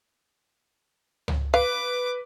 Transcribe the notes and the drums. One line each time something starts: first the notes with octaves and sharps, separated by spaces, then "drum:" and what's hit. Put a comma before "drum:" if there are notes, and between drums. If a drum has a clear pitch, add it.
drum: tom C#2
B4 F5 D6